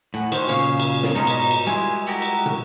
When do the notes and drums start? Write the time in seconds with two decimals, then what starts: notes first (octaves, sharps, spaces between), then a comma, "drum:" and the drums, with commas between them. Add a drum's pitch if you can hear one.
0.14 A2 F#5 G#5
0.32 D#3 C5 C#5, drum: cymbal
0.48 A#2 C#3 G#4 C#5 F5
0.79 drum: cymbal
1.03 drum: snare
1.15 G#2 B2 G#3 C#4 D#4
1.27 drum: cymbal
1.51 drum: cymbal
1.67 G3 G#3 E4 G#5 C6
2.07 F#4 G4 A#4
2.22 drum: cymbal
2.46 drum: tom